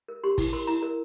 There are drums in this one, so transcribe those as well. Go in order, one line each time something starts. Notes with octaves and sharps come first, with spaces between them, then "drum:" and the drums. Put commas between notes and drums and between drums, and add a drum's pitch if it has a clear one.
A#4
G4 C6
E4, drum: kick, open hi-hat
A#4 C6
E4 A#5
A#4